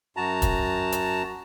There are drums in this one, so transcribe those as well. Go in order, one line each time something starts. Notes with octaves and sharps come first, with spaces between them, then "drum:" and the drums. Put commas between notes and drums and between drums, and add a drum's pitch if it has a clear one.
F#2 F#4 A5 A#5
drum: kick, hi-hat
drum: hi-hat